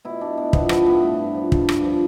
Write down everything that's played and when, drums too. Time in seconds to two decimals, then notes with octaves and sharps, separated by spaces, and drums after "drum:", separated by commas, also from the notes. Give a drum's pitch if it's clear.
0.05 B2 E4
0.21 B2 D4
0.37 B2
0.53 F3 B3, drum: kick
0.69 F3 B3, drum: rim click
0.86 A2 B3
1.03 G2
1.19 G2
1.35 F3
1.52 G2 F4, drum: kick
1.69 G2, drum: rim click
1.84 F3